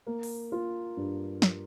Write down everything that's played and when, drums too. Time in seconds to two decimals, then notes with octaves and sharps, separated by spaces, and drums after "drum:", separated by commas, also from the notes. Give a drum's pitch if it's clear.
0.07 A#3
0.23 drum: open hi-hat
0.52 F4
0.97 G2
1.42 drum: snare